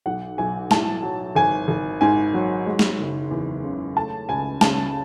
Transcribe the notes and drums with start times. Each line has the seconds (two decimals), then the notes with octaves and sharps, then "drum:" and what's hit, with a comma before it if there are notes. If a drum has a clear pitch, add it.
0.06 B1 F#5
0.38 B1 G#5
0.71 A2 A5, drum: snare
1.03 F#3
1.36 G#1 G#5
1.68 G#1
2.01 G#2 G#5
2.34 F#3
2.66 G#3
2.79 drum: snare
2.99 F#1
3.31 E2
3.64 C#3
3.96 A3 A5
4.29 C#2 G#5
4.61 C#3 A5, drum: snare